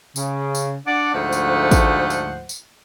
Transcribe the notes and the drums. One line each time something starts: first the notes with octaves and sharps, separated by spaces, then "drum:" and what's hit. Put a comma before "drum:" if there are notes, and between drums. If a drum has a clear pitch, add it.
C#3, drum: tambourine
drum: tambourine
D4 D5 F#5
D2 G#2 F3 A3 C5 F#5
drum: tambourine
drum: kick A1, tambourine
drum: tambourine
drum: tambourine